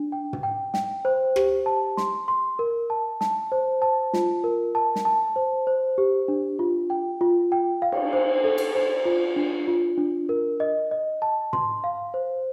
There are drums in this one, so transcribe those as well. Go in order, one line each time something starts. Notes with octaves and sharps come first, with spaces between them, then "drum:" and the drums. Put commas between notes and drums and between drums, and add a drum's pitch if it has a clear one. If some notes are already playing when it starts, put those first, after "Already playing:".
Already playing: D4
G5
drum: tom
G5
G5, drum: snare
C5
G4, drum: rim click
A5
C6, drum: snare
C6
A#4
A5
A5, drum: snare
C5
A5
F4, drum: snare
A#4
A5
drum: snare
A5
C5
C5
G4
D4
F4
G5
F4
G5
F5
drum: cymbal
C5
A4
drum: cymbal
C5
F4
D4
F4
D4
A#4
D#5
D#5
A5
C6, drum: tom
F5
C5